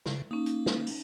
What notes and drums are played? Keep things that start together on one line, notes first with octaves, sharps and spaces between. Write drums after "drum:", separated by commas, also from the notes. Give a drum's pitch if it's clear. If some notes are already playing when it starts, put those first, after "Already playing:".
C#3, drum: snare
A#3 C#4 D#4
drum: hi-hat
drum: snare
drum: open hi-hat